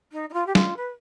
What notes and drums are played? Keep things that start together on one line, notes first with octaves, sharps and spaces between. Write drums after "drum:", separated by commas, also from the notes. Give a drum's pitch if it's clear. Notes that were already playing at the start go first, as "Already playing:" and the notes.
D#4
D#4
F4
G4
F4, drum: snare
B4